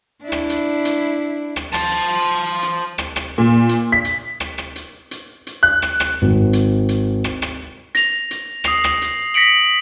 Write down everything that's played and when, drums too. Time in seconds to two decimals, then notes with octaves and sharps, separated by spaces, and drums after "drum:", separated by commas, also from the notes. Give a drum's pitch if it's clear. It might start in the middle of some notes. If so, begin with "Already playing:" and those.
0.22 D4 E4
0.32 drum: rim click
0.50 drum: hi-hat
0.85 drum: hi-hat
1.56 drum: rim click
1.74 C5 A5, drum: rim click
1.92 drum: hi-hat
2.63 drum: hi-hat
2.98 drum: rim click
3.16 drum: rim click
3.38 A#2
3.69 drum: hi-hat
3.92 B6
4.05 drum: hi-hat
4.40 drum: rim click
4.58 drum: rim click
4.76 drum: hi-hat
5.11 drum: hi-hat
5.47 drum: hi-hat
5.63 F#6
5.82 drum: rim click
6.00 drum: rim click
6.22 G#1
6.53 drum: hi-hat
6.89 drum: hi-hat
7.24 drum: rim click
7.42 drum: rim click
7.95 A#6 F7, drum: hi-hat
8.31 drum: hi-hat
8.64 D#6 C7 F7, drum: rim click
8.84 drum: rim click
9.02 drum: hi-hat
9.34 A#6 B6 C#7 D7 F#7